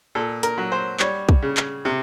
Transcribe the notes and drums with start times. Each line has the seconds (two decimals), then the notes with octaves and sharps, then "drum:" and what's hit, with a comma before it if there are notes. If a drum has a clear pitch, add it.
0.15 A#2 A4
0.43 A#4, drum: hi-hat
0.58 F#3
0.72 C5
1.00 G3 C#5, drum: clap
1.29 drum: kick
1.42 C#3
1.57 drum: clap
1.85 C3